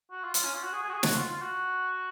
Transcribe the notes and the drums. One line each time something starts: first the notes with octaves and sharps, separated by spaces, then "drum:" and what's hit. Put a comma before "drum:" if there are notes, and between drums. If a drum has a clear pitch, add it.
F#4
F4
F4, drum: hi-hat
C#4
F4
F#4
G#4
G#4
F#4
G#4
F#4, drum: snare
F4
F4
F#4